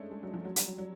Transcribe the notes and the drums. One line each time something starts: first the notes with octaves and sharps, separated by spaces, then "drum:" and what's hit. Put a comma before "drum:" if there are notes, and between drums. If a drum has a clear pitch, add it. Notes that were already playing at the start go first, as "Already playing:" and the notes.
Already playing: G#3 A3 C#4 D4
G#3
F#3
F3
F#3
G3, drum: hi-hat
F#3
F#3